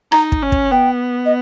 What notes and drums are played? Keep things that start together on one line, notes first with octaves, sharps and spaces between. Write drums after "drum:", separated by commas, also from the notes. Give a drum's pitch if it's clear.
D#4 A#5, drum: rim click
drum: kick
C#4
drum: kick
B3 G5
D#5